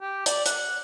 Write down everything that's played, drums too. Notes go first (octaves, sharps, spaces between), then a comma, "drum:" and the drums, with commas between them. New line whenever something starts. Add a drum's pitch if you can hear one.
G4
D5, drum: hi-hat
F#5, drum: hi-hat